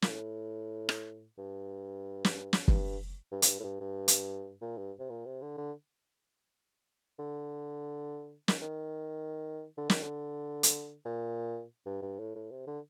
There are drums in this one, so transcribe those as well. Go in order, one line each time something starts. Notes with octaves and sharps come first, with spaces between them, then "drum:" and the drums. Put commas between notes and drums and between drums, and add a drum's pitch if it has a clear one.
A#2, drum: snare
A2
drum: rim click
G2
drum: snare
drum: snare
G2, drum: kick F#1
G2
F2, drum: hi-hat
G2
A2
G2
G2
drum: hi-hat
A#2
G2
C3
A#2
C3
D3
D3
D3
D#3, drum: snare
D#3
D3
D#3, drum: snare
D3
drum: hi-hat
A#2
G2
G2
A2
A2
C3
D3